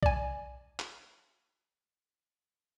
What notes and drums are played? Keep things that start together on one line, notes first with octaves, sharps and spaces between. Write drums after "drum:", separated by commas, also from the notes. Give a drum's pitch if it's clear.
D5 G#5, drum: kick B1
drum: clap